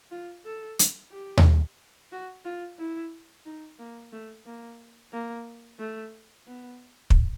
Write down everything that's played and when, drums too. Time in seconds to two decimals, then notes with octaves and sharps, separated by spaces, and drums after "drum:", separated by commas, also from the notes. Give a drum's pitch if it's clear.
0.11 F4
0.45 A4
0.79 drum: hi-hat
1.11 G4
1.37 drum: tom D#2
2.12 F#4
2.45 F4
2.78 E4
3.45 D#4
3.78 A#3
4.12 A3
4.45 A#3
5.12 A#3
5.79 A3
6.46 B3
7.10 drum: kick